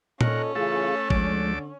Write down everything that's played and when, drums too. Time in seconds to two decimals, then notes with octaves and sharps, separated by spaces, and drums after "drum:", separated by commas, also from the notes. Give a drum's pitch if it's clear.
0.21 A#2 C#4 D#4 A4 A#4 F#5, drum: tom A#2
0.55 C#3 E3 A3 F4 G#4 A4 F5
1.10 D2 D3 F3 G#3 A4 D6, drum: kick